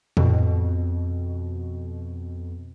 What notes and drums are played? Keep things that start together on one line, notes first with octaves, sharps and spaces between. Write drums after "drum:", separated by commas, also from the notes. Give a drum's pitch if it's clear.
F2 B2, drum: tom A2